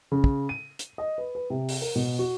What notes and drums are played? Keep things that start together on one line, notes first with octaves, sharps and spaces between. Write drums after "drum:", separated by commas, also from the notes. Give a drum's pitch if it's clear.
C#3
drum: kick
D#7
drum: hi-hat
D#5
B4
B4
C3
drum: open hi-hat
A#4
B2
F#4